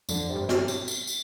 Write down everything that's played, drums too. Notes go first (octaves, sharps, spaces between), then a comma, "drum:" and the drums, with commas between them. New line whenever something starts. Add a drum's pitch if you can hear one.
F2 D3 F3, drum: tambourine
C3
G2 G3
A2 C4, drum: snare
drum: tambourine
drum: tambourine
drum: tambourine